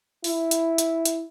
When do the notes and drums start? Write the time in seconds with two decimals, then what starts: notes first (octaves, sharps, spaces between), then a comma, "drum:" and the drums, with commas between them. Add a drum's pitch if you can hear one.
0.24 E4, drum: open hi-hat
0.51 drum: hi-hat
0.78 drum: hi-hat
1.05 drum: hi-hat